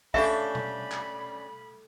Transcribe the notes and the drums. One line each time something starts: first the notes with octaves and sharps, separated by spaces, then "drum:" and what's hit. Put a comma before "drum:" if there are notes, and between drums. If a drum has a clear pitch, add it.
A3 C#4 D4 G4 A4 E5 F5 B5, drum: kick A#1
drum: tom B2
drum: clap